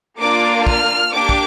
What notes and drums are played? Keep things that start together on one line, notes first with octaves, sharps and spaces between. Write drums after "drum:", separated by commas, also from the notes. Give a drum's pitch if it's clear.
A#3 D4 F4 D6
F6, drum: kick
A#3 D4 G4 D6
drum: kick